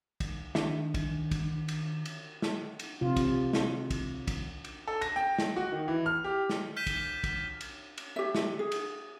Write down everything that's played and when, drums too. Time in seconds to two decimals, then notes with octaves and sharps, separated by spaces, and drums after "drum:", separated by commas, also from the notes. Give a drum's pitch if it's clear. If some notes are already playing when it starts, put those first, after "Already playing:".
0.20 drum: kick, cymbal
0.55 D#3 D4 E5, drum: snare
0.94 drum: kick, cymbal
1.31 drum: kick, cymbal
1.68 drum: cymbal
2.05 drum: cymbal
2.42 drum: snare
2.79 drum: cymbal
3.01 C3 F4
3.16 drum: kick, cymbal
3.53 drum: snare
3.90 drum: kick, cymbal
4.27 drum: kick, cymbal
4.64 drum: cymbal
4.88 A4
5.01 A#6, drum: cymbal
5.16 G5
5.38 drum: snare
5.56 F#4
5.72 D#3
5.88 E3
6.06 F6
6.24 G4
6.50 drum: snare
6.76 F6 G6 B6 D#7 E7 G7
6.87 drum: kick, cymbal
7.24 drum: kick, cymbal
7.61 drum: cymbal
7.98 drum: cymbal
8.16 G4 E5
8.35 drum: snare
8.59 G#4
8.72 drum: cymbal